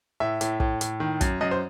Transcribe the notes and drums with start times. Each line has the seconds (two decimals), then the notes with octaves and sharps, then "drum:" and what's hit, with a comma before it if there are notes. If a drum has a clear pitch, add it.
0.20 A2 E5
0.41 A2, drum: hi-hat
0.60 A2, drum: kick
0.81 A2, drum: hi-hat
1.00 D#3
1.21 F#2, drum: kick, hi-hat
1.41 F#2 D#5
1.51 C5